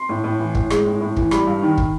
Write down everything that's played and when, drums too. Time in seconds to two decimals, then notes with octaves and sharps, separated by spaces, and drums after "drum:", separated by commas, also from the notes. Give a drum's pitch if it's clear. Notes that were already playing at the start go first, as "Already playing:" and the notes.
Already playing: C6
0.09 A2
0.24 A2
0.39 E3
0.55 A2, drum: kick
0.70 G#3, drum: rim click
0.86 A2
1.00 A2
1.17 E3, drum: kick
1.31 G3 B5, drum: rim click
1.47 G2
1.62 D#3
1.78 drum: kick